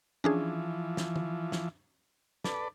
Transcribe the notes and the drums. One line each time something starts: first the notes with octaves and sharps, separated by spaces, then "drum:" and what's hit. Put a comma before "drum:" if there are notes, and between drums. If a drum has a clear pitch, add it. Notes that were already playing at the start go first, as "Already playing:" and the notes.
E3 F3 C#4 D4 G#4
drum: snare
drum: tom
drum: snare
A4 B4 D5, drum: snare